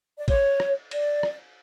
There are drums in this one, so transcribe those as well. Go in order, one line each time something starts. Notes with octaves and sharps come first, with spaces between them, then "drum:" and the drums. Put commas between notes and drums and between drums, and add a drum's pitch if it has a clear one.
D5
C#5, drum: kick, cymbal
drum: rim click
D5, drum: cymbal
drum: rim click